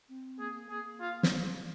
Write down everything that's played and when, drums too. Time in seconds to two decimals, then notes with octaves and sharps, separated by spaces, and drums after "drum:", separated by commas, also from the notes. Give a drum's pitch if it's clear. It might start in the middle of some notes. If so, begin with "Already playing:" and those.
0.09 C4
0.39 A#3 G#4
0.70 A#3 G#4
1.00 F4
1.23 drum: snare